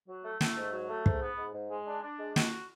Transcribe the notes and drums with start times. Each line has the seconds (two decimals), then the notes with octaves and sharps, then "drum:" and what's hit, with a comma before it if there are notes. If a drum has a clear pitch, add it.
0.09 F#3
0.25 A3
0.41 A3, drum: snare
0.57 G#2
0.73 F#3
0.90 A3
1.06 G#2, drum: kick
1.22 B3
1.38 G#2
1.55 G#2
1.71 G#3
1.87 D4
2.03 D4
2.20 G#3
2.36 F#4, drum: snare